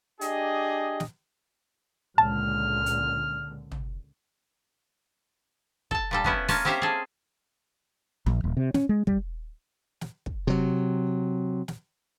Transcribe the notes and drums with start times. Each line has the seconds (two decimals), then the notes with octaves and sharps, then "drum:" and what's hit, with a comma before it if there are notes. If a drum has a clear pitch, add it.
0.21 D4 G4 G#4 D#5, drum: hi-hat
1.00 drum: snare
2.18 C#2 A#2 D3 A5 F6
2.86 drum: hi-hat
3.71 drum: tom
5.91 A4 A5, drum: kick
6.11 A#2 G3 A4
6.24 B3 C#4 E4, drum: kick
6.48 A#3 C#4 F4 G#5 A5, drum: open hi-hat
6.65 C4 C#4 G4 C5 E5 F5
6.82 G#4 A4
8.26 A#1, drum: tom F3
8.44 D#1
8.57 C3
8.74 C#4, drum: snare
8.89 G#3
9.07 G3, drum: kick
10.01 drum: snare
10.26 drum: kick
10.47 C3 F#3
11.68 drum: snare